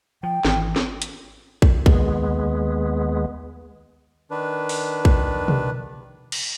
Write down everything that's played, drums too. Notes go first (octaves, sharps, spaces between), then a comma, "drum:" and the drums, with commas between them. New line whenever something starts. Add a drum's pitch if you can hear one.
F3 G5
G#1 E3, drum: snare
drum: snare
drum: hi-hat
drum: kick
D#2 G#3 B3, drum: kick
D#3 D4 B4
drum: open hi-hat
drum: kick
drum: tom B2
drum: cymbal